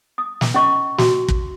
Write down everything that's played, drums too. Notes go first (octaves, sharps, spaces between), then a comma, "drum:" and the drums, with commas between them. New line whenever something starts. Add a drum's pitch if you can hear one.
D#6
drum: snare
C#4 A4 D#5 C#6
F#4, drum: snare
drum: kick